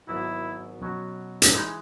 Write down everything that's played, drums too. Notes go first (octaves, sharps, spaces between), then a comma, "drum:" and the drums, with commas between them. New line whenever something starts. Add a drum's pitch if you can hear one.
G#1 G#2 F#3 B3 E4 F#4
B2 F#3 C#4 F#4
drum: hi-hat
E3 G#3 D#4